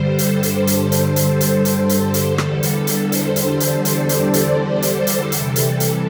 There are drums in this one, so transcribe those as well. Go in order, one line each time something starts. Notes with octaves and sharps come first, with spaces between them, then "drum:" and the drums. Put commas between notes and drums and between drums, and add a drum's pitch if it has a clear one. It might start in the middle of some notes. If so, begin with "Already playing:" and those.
Already playing: G2 D3 G3 C5
A4, drum: hi-hat
drum: hi-hat
drum: hi-hat
drum: hi-hat
drum: hi-hat
drum: hi-hat
drum: hi-hat
drum: hi-hat
drum: hi-hat
E2 D3 G3 A4, drum: rim click
drum: hi-hat
drum: hi-hat
C5, drum: hi-hat
drum: hi-hat
C5
drum: hi-hat
D5, drum: hi-hat
drum: hi-hat
C5
drum: hi-hat
A4
drum: hi-hat
drum: hi-hat
C3 E3 G3, drum: hi-hat
drum: hi-hat
drum: hi-hat